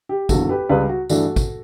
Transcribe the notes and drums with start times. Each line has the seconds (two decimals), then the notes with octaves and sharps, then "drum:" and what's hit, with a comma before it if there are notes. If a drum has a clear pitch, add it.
0.09 G4
0.29 F#1 E2 D3 F#4 A4, drum: kick, tambourine
0.49 G4 B4
0.69 C#2 C#3 G3 B4 D5
0.89 F#4
1.10 G2 E3 A3 D4 F#4 A4, drum: tambourine
1.36 drum: kick, tambourine